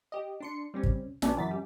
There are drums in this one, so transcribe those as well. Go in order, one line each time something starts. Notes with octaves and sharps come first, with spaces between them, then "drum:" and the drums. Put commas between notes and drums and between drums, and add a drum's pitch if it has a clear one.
G4 D#5
D4 C6 C#7
G3 C4 C#4
drum: kick
A#1 B3 C#4 D4, drum: snare
F#2 E3 A6 B6
G3